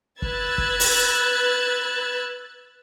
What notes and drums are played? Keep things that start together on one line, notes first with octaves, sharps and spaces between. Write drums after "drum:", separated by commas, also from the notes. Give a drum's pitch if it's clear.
B4 E6 F#6 G#6 A6, drum: kick
drum: kick
drum: open hi-hat